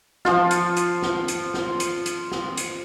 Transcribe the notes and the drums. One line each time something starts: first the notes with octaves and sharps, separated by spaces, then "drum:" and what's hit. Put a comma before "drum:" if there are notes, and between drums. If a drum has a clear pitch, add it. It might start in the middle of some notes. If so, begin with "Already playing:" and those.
F3 F4, drum: snare
drum: hi-hat
drum: hi-hat
drum: snare
drum: hi-hat
drum: snare
drum: hi-hat
drum: hi-hat
drum: snare
drum: hi-hat